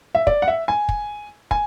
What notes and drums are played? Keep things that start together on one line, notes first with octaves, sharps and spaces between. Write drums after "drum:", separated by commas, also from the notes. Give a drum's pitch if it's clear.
E5
D5, drum: kick
F#5
E5
G#5
drum: kick
G#5, drum: kick